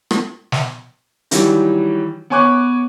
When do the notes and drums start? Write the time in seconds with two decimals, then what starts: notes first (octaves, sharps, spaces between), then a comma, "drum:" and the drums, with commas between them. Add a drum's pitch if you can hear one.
0.11 drum: rim click
0.52 drum: snare
1.31 D#3 E3 F#3 G3, drum: hi-hat
2.30 B3 C#5 G#5 C#6 D6 F#6